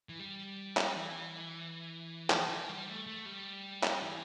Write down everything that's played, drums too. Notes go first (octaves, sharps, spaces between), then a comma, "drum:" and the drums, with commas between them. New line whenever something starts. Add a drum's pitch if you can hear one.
E3
G3
drum: clap
E3
drum: clap
E3
G3
A3
A3
G3
drum: clap
E3